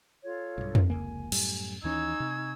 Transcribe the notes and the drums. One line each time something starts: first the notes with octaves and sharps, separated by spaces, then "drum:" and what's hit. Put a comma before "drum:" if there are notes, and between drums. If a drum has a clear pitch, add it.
F4 A4 C#5
B1 G2
drum: tom F2
F1 C#2 A#3 G#5
F#2 A2 G3, drum: cymbal
D#2 E3 C#4 D#4 G#5 C#6 E6 G#6
C3